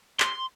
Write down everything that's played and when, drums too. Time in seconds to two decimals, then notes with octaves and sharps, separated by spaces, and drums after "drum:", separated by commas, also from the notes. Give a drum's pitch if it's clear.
0.20 C6, drum: clap